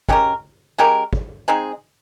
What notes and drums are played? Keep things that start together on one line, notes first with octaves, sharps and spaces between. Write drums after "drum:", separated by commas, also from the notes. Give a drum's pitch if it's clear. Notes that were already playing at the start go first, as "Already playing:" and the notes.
G#3 C#4 G4 A#4, drum: kick
G#3 C#4 G4 A#4
drum: kick
G#3 C4 D#4 G#4